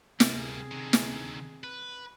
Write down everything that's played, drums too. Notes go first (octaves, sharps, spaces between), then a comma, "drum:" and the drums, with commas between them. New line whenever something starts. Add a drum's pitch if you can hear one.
C3 G3 A#3 C4 G#4, drum: snare
D3 D#3
drum: snare
B4